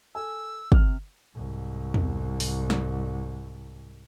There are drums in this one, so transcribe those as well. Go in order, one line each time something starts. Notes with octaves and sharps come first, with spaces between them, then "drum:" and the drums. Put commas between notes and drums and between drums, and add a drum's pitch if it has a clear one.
A4 G#5 E6
C3 F6, drum: kick
C2 G#2
drum: tom E2
drum: open hi-hat
drum: snare